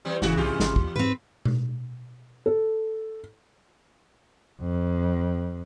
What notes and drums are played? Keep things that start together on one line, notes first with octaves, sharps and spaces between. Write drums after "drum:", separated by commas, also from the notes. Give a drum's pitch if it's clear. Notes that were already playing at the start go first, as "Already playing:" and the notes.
E3 G3 C4
G1 G#2 C#3 E3 F#4, drum: snare
B1 E2 F4 G4
G#1, drum: snare
D#2, drum: kick
G#2 C4 B4
drum: tom B2
A4
F2